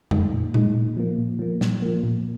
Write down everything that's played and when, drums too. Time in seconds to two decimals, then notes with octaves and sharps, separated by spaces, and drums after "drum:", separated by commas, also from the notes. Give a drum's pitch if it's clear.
0.11 G#3 D#4, drum: tom F2
0.33 A#2
0.54 G#3 D#4, drum: tom A#2
0.75 A#2
0.97 F3 A#3
1.18 A#2
1.39 F3 A#3
1.61 A#2, drum: snare
1.82 F3 A#3
2.04 A#2